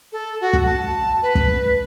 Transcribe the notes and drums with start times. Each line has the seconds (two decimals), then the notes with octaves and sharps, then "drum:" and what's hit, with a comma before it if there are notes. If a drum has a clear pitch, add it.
0.12 A4
0.41 F#4
0.53 drum: kick
0.66 A5
1.22 B4
1.35 drum: kick